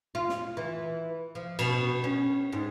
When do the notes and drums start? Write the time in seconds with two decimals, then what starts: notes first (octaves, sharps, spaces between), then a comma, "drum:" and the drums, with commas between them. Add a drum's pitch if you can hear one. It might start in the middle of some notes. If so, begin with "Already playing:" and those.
0.15 F4
0.29 drum: snare
0.57 E3
1.35 F3
1.59 B2, drum: cymbal
2.04 C#4
2.53 G#2